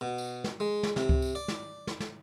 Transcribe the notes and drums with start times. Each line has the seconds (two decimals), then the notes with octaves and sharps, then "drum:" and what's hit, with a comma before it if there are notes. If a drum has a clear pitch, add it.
0.01 B2
0.18 drum: tambourine
0.44 drum: snare
0.60 G#3
0.83 drum: snare
0.96 C3, drum: snare
1.09 drum: kick C#2
1.22 drum: tambourine
1.35 D5
1.48 drum: snare
1.87 drum: snare
2.00 drum: snare